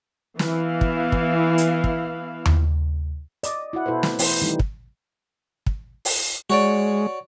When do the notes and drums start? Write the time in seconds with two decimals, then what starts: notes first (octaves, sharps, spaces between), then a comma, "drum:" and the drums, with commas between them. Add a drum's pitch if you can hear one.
0.39 E3 B3 E4 F5, drum: snare
0.81 drum: kick
1.12 drum: kick
1.58 drum: hi-hat
1.84 drum: kick
2.46 drum: tom D#2
3.43 D5 D#5, drum: hi-hat
3.73 E4 F#4 F#5
3.86 B2 E4 A4 B4 C5
4.03 A3, drum: snare
4.19 E3 E4 C5, drum: open hi-hat
4.42 D#3 E3 G3 A3 C4 D#4
4.59 drum: kick
5.66 drum: kick
6.05 drum: open hi-hat
6.50 G#3 F#4 C#5 D5